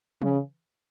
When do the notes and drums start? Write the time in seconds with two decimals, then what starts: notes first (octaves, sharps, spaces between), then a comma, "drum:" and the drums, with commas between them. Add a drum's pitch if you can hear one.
0.22 C#3, drum: tom